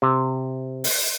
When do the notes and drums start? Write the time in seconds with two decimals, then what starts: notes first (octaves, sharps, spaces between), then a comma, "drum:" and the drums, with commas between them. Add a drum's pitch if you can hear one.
0.02 C3
0.84 drum: open hi-hat